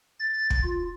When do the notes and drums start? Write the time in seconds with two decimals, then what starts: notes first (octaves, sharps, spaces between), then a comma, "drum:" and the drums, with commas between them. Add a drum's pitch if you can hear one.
0.19 A6
0.50 drum: kick
0.63 F4